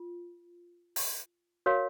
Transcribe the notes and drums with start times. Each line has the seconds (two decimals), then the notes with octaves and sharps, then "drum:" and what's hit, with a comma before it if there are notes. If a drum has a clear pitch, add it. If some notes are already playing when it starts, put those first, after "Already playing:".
Already playing: F4
0.96 drum: open hi-hat
1.66 F#4 A#4 C#5 F5